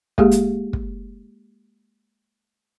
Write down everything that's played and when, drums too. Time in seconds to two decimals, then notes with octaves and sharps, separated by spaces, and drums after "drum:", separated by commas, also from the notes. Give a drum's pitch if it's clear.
0.18 G#3 A#3 G4 G#4, drum: kick
0.31 drum: hi-hat
0.73 drum: kick